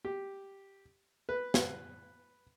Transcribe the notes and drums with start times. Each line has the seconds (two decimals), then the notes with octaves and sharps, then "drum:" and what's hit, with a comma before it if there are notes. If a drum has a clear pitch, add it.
0.05 G4
1.29 B4
1.54 drum: snare